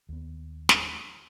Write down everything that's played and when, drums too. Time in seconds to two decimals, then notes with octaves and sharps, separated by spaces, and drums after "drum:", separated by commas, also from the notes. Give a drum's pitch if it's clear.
0.09 D#2 B3
0.69 drum: snare